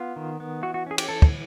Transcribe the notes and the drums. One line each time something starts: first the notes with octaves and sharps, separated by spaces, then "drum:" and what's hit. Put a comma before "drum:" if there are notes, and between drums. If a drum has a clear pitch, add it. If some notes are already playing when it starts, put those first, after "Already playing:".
Already playing: B3 F4
D#3
B3
E3 F#4
F#4
C#4 G#4
G4, drum: cymbal
E3 A4
drum: kick